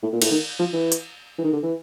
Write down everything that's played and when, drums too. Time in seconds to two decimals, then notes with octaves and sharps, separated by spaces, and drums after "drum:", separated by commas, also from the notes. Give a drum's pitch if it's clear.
0.03 A2
0.13 A#2
0.22 A2, drum: cymbal
0.31 D#3
0.59 F3
0.73 E3
0.92 drum: hi-hat
1.38 E3
1.44 D#3
1.52 D3
1.62 E3